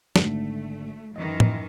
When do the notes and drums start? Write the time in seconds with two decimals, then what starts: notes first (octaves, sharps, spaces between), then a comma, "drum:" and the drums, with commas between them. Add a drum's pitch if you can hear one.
0.16 G#1 D3 A3, drum: snare
1.16 F#2 D#3 E3 D#5
1.40 drum: tom A2